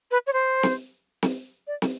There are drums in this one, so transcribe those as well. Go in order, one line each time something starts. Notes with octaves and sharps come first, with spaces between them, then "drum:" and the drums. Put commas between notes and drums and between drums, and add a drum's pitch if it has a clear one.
B4
C#5
C5
drum: snare
drum: snare
D5
drum: snare